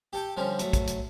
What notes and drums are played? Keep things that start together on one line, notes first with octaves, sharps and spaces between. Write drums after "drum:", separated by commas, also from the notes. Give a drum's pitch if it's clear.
G4 A4 G5
D3 F3 G3 C#4
F#3 A3, drum: hi-hat
drum: kick, hi-hat
drum: hi-hat